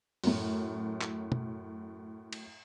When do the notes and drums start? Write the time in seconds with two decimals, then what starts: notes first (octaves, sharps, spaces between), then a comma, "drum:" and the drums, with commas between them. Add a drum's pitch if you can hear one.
0.24 F#2 A2, drum: open hi-hat
1.01 drum: clap
1.32 drum: tom
2.33 drum: cymbal